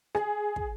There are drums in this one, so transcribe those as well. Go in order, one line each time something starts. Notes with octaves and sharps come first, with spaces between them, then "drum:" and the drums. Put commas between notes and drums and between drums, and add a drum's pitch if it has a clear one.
G#4, drum: rim click
drum: kick